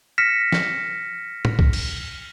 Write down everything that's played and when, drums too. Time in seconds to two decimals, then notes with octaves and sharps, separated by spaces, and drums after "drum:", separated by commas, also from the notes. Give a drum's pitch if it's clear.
0.18 F6 A#6 B6 C#7 E7
0.52 drum: snare
1.45 drum: tom A2
1.59 drum: kick B1
1.73 drum: cymbal